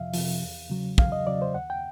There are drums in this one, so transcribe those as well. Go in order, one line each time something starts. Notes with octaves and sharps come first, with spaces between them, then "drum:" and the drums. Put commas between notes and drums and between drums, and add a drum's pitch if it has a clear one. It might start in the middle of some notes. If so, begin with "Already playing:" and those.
Already playing: F2 C3 F3 E5 F5
C3 F3, drum: open hi-hat
E2
C#3 F#3
E2 F5, drum: kick
D#5
C#3 F#3 D5
C5
D#2 F#5
G5